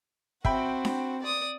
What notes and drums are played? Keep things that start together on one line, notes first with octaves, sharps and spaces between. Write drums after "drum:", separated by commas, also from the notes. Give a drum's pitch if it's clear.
C4 F#4 E5 G5 B5, drum: kick
drum: snare D4
D5 D#6